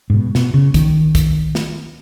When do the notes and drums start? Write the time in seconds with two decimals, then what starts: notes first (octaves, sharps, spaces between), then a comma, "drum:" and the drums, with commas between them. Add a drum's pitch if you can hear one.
0.10 G#2
0.14 B2
0.35 B2, drum: snare
0.54 C#3
0.74 D#3, drum: kick, hi-hat
1.15 drum: kick, hi-hat
1.55 drum: snare